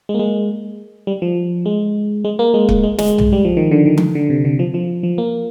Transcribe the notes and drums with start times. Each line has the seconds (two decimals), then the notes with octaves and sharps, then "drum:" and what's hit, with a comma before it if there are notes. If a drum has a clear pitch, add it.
0.09 G#3
0.14 A#3
0.19 G#3
1.07 G3
1.22 F3
1.66 G#3
2.24 G#3
2.39 A#3
2.54 G#3
2.69 A#3, drum: kick
2.83 G#3
2.98 G#3, drum: snare
3.18 drum: tom B1
3.32 G3
3.45 F3
3.57 D#3
3.71 D3
3.86 D#3
3.98 drum: tom E3
4.15 D3
4.30 C3
4.45 D3
4.59 F3
4.74 F3
5.03 F3
5.18 A#3